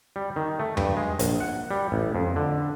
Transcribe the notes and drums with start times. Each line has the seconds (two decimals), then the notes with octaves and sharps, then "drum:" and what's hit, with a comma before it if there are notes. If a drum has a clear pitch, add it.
0.16 G3
0.36 D#3
0.60 A3
0.77 G2, drum: tom E2
0.97 G#3
1.19 A#1, drum: hi-hat
1.40 F#5
1.71 G3
1.92 A1
2.15 F2
2.36 D3